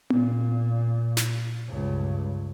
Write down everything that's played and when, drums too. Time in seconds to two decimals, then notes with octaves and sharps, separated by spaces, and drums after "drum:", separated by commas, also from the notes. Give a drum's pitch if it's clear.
0.10 A#2, drum: tom B3
1.17 drum: snare
1.67 C#2 G2